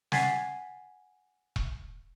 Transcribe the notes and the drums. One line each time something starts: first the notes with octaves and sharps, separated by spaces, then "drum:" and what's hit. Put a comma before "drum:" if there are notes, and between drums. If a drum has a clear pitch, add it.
F#5 G#5 G#6 A6 B6 C7, drum: snare
drum: kick E1